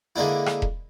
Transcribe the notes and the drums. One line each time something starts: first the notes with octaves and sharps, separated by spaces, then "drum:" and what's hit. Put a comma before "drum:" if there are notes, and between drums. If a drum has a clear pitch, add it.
D3 G#3 A#3 D4 E4
drum: rim click
drum: kick E1